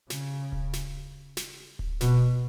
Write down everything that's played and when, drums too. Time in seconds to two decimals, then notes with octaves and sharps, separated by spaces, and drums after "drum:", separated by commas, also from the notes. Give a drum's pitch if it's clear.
0.10 C#3, drum: snare
0.52 drum: kick D1
0.73 drum: snare
1.37 drum: snare
1.79 drum: kick D1
2.01 B2, drum: snare